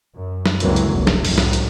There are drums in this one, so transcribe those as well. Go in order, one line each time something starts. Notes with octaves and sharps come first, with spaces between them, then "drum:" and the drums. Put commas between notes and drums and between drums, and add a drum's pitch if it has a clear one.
F#2
drum: snare
C#2 D3 E3 F#3 A#3 C4, drum: hi-hat
drum: hi-hat
F1 C2 G2
drum: snare
C2 F2 A2 F#3, drum: open hi-hat
drum: snare
drum: hi-hat